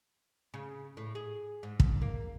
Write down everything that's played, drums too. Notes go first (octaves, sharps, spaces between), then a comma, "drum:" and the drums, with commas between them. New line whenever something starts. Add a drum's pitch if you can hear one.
C#3
A2
G#4
G#2
drum: kick
A#3